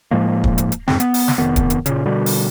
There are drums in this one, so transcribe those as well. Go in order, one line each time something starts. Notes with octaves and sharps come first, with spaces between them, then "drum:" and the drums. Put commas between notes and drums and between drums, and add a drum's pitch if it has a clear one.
A2 F3 G#3 A#3
drum: kick
drum: hi-hat
drum: hi-hat
F2 G#2 C4, drum: snare
B3, drum: hi-hat
drum: open hi-hat
drum: snare
F1 D#3 B3
drum: kick, hi-hat
drum: hi-hat
A#2 C#3, drum: hi-hat
B2 D3 G3
drum: open hi-hat